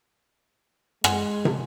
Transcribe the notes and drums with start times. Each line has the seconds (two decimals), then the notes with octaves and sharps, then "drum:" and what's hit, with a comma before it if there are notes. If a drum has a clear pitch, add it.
1.04 G#3 F#5 G#5 C6, drum: rim click
1.45 drum: tom